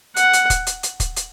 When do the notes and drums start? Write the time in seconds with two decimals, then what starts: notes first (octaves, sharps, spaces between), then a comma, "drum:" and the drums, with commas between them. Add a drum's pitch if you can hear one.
0.16 F#5, drum: hi-hat
0.33 drum: hi-hat
0.50 drum: kick, hi-hat
0.67 drum: hi-hat
0.83 drum: hi-hat
1.00 drum: kick, hi-hat
1.16 drum: hi-hat